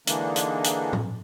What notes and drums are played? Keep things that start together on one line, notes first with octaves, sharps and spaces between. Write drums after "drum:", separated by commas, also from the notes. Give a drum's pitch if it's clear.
D3 E3 G#3 A#3 D4 D#4, drum: hi-hat
drum: hi-hat
drum: hi-hat
drum: tom